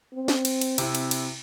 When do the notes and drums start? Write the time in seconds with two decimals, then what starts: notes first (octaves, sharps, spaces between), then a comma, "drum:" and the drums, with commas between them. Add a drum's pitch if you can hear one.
0.14 C4
0.28 drum: snare
0.45 drum: cymbal
0.61 drum: cymbal
0.78 C3 E4, drum: cymbal
0.95 drum: cymbal
1.11 drum: cymbal